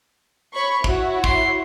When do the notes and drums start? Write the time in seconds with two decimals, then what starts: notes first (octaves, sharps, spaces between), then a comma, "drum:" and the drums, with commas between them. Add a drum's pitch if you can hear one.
0.54 C#5 B5 C#6
0.84 E4 F#4 C#5, drum: kick
1.24 C6, drum: kick